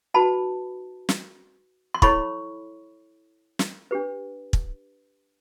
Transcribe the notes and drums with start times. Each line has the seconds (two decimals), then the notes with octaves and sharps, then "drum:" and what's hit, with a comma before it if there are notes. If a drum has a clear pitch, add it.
0.14 D#4 F#4 B4 A5 B5
1.09 drum: snare
1.94 C6
2.02 E4 A4 C#5 B5 C#6, drum: kick
3.59 drum: snare
3.91 D4 G4 B4
4.53 drum: kick